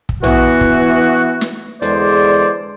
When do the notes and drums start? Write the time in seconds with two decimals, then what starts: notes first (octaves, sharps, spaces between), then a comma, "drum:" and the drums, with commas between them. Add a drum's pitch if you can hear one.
0.09 drum: kick
0.23 E3 B3 F#4, drum: tom A#1
0.61 drum: kick
1.41 drum: snare
1.82 E2 D3 G#3 G#4 C5 D5, drum: hi-hat